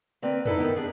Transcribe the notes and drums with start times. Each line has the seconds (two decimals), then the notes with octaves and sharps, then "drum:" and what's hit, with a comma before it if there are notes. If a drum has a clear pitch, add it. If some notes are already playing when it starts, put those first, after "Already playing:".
0.22 D3 A#3 C4 B4
0.45 D#4 E4 A4 B4, drum: tom
0.59 A2 D#3 B3
0.76 D4 G#4